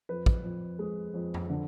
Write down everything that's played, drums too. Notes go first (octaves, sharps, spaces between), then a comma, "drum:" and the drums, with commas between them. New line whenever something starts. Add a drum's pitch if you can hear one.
F2 B4
drum: kick
F2
G#3
F2
drum: tom F2
D3